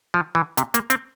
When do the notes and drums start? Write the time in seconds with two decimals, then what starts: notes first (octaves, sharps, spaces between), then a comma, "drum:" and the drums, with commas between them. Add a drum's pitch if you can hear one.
0.14 F3
0.35 E3
0.57 C3, drum: hi-hat
0.74 A#3, drum: hi-hat
0.90 C4, drum: hi-hat